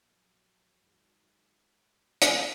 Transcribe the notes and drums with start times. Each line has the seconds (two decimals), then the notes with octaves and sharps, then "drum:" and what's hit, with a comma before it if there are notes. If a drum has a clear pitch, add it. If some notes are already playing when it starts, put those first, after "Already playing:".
Already playing: A#1 A#2 C#4
0.10 F#3
0.81 G#1 G#2 D#3
2.22 F1 F2 D#3, drum: hi-hat